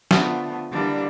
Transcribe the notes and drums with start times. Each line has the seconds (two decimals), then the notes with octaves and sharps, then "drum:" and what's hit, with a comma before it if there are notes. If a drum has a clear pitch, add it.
0.11 D3 F3 A3 B3, drum: snare
0.71 D3 E3 G3 A#3 D4